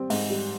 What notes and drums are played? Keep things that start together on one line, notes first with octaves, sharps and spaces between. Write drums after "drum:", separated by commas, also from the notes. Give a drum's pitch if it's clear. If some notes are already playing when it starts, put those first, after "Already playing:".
Already playing: G3 C4
G#2, drum: open hi-hat
G3